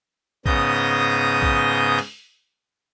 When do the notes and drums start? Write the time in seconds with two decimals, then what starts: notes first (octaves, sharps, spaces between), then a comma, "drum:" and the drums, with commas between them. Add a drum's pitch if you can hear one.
0.46 G#2 C#3 B3 D#6 G6 A#6, drum: kick A#1
1.42 drum: kick A#1
1.99 drum: open hi-hat